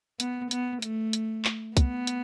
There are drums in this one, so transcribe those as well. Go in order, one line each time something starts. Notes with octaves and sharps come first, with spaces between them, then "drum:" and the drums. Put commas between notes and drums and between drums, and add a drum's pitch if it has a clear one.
B3, drum: hi-hat
B3, drum: hi-hat
A3, drum: hi-hat
drum: hi-hat
drum: clap
B3, drum: kick C2, hi-hat
drum: hi-hat